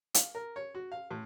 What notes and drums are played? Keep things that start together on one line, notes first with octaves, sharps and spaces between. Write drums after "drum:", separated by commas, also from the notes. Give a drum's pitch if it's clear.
F5, drum: hi-hat
A#4
C#5
F#4
F5
A2